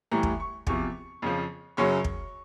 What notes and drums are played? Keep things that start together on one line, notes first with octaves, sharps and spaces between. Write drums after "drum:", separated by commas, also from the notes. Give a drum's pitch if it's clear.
A2 E3 G3 A#5
drum: kick
C#6
E2 C3 F3 C#6, drum: kick
F2 C#3 F3
F#2 C#3 F#3 C#6
drum: kick